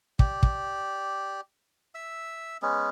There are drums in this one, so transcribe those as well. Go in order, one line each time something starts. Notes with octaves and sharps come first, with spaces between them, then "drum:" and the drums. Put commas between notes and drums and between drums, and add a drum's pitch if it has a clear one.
G4 D5, drum: kick
drum: kick
E5 E6
G#3 B3 C#4